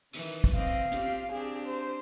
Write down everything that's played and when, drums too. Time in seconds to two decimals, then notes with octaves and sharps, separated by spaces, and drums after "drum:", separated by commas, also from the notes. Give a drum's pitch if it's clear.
0.13 D#3 E3, drum: open hi-hat
0.44 drum: kick
0.55 E3 C4 D#5 F5
0.92 C4 F4 G4, drum: hi-hat
1.32 C4 D4 G4 G#4
1.66 C5